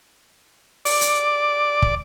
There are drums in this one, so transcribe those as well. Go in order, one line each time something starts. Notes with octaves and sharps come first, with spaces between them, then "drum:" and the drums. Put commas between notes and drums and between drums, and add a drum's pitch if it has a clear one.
D5, drum: open hi-hat
drum: hi-hat
drum: kick